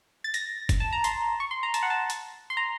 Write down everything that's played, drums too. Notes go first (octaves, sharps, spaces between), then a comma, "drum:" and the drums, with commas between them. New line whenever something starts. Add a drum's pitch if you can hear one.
A6
A#6, drum: hi-hat
drum: kick, hi-hat
A5
A#5
C6, drum: hi-hat
C#6
C6
A#5
A5, drum: hi-hat
F#5
A5
drum: hi-hat
C6
A#5